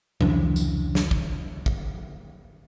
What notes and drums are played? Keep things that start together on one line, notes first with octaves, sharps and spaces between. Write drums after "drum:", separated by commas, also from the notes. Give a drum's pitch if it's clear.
F1 C#2 E3 D4, drum: tom F3
drum: tambourine
drum: snare
drum: kick
drum: kick